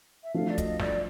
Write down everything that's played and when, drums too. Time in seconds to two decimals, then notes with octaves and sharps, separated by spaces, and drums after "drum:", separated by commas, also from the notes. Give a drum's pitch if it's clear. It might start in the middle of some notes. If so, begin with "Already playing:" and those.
0.24 E5
0.34 F3 A3 D4 F#4 F5
0.50 D5
0.58 D#5, drum: kick, hi-hat
0.80 D5, drum: snare